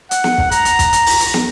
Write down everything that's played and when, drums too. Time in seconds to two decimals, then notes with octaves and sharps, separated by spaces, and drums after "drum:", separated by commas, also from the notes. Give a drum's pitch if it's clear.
0.11 F#5, drum: hi-hat
0.24 drum: snare
0.38 drum: kick
0.51 A#5, drum: hi-hat
0.65 drum: hi-hat
0.79 drum: kick, hi-hat
0.93 drum: hi-hat
1.06 drum: open hi-hat
1.20 drum: hi-hat
1.34 drum: snare